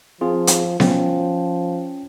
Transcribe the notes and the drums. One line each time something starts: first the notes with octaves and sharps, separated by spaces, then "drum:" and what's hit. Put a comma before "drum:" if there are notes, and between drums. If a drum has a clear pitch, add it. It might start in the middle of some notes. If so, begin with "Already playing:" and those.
F3 C4 F4 G#4
drum: hi-hat
F3 C#4 G5, drum: snare B3